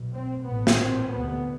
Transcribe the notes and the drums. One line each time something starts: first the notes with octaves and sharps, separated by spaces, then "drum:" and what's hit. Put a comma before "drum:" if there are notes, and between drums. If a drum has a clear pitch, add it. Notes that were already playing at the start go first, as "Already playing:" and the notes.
Already playing: B1 B2
C4
A1 A2 B3
drum: snare
C4
D2 C3 B3